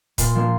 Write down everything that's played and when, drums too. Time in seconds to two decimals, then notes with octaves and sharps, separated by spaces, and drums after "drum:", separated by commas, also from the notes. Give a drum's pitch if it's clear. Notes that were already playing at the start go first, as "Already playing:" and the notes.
0.18 A#2 C6, drum: kick C#1, hi-hat
0.35 F3 A#3 D4